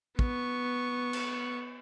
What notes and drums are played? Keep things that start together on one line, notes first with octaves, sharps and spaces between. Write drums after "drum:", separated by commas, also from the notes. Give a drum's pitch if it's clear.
B3 C#6, drum: kick
drum: cymbal